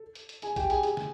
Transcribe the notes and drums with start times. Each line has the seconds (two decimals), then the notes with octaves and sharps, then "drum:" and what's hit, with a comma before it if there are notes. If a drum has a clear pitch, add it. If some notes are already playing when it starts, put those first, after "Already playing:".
Already playing: A4
0.15 drum: hi-hat
0.29 drum: hi-hat
0.42 G#4 G#5, drum: hi-hat
0.56 G4 G5, drum: kick, hi-hat
0.70 G#4 G#5, drum: hi-hat
0.83 G#4 G#5, drum: hi-hat
0.97 drum: snare